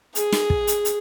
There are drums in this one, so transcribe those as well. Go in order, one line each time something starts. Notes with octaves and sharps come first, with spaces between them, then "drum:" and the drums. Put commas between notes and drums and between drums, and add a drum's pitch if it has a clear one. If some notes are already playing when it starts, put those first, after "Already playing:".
G#4, drum: hi-hat
drum: snare
drum: kick
drum: hi-hat
drum: hi-hat